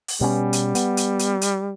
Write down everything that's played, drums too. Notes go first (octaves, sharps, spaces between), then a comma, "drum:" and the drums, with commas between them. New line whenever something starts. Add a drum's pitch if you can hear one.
drum: open hi-hat
B2 G3 B3 C#4
drum: hi-hat
B3, drum: hi-hat
drum: hi-hat
drum: hi-hat
drum: hi-hat